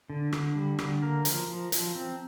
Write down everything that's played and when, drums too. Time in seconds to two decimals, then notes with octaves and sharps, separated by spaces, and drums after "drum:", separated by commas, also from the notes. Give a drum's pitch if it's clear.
0.10 D3
0.32 D3, drum: rim click
0.56 G3
0.79 D3, drum: rim click
1.02 A#3 A#4
1.25 F3, drum: hi-hat
1.48 F3
1.72 F3, drum: hi-hat
1.95 C4